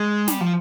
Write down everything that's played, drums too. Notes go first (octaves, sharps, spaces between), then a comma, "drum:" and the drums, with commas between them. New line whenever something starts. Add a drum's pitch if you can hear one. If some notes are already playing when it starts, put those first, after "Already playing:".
Already playing: G#3
G3, drum: snare
F3